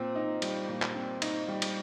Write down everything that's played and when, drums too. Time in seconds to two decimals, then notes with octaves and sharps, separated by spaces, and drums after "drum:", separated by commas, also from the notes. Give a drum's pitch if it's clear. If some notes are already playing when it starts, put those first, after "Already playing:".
Already playing: A#2 C4
0.15 D#4
0.42 G3, drum: cymbal
0.69 A#2
0.82 drum: clap
0.95 C4
1.22 D#4, drum: cymbal
1.48 G3
1.62 drum: cymbal